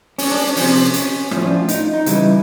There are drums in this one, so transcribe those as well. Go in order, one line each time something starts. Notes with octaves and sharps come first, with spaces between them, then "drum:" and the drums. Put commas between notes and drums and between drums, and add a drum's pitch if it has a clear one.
C#4, drum: open hi-hat
D4
C#4
C3 F3, drum: open hi-hat
drum: hi-hat
A2 F3 C#4, drum: rim click
D4
F4
D#4, drum: hi-hat
D#4
C#3 E3 G3, drum: hi-hat